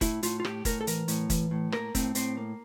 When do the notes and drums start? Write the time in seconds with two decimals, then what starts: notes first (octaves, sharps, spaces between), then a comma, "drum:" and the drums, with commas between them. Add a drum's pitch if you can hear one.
0.01 A2 E4, drum: kick, hi-hat
0.23 A2 F4, drum: hi-hat
0.40 F4
0.45 A2 G4, drum: rim click
0.65 A2 A#4, drum: kick, hi-hat
0.81 A4
0.87 E3 A#4, drum: hi-hat
1.08 A2, drum: hi-hat
1.30 E3, drum: kick, hi-hat
1.51 A2
1.72 A#3 A#4, drum: rim click
1.95 A2 C4, drum: kick, hi-hat
2.15 A2 C4, drum: hi-hat
2.37 A#3